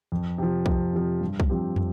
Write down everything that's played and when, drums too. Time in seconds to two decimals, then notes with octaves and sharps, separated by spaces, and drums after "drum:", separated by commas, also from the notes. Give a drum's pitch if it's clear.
0.12 F2
0.38 C3 F3
0.66 F2, drum: kick
0.94 C3 F3
1.21 G2
1.40 drum: kick
1.49 F3 C4 G4
1.76 drum: tom